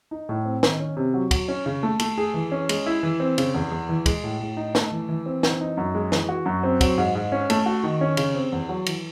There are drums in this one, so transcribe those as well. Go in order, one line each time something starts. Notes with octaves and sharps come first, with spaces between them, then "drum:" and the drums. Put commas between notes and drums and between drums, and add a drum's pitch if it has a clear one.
D#4
A2
C4
D#3, drum: snare
C#4
C3
F#3
F#3, drum: kick, cymbal
C#4
C#3
A3
A3, drum: cymbal
G#4
E3
C#4
G#3, drum: cymbal
E4
E3
C4
C#3, drum: cymbal
E2
E2
E3
G#3, drum: kick, cymbal
A2
A2
D#4
A3, drum: snare
E3
E3
C4
E3, drum: snare
D#4
F#2
G#3
E3, drum: snare
F#4
F#2
C4
F#3, drum: kick, cymbal
G#2
G#2
C#4
A3, drum: cymbal
F#4
D#3
C#4
C#3, drum: cymbal
C4
E2
F#3
E3, drum: cymbal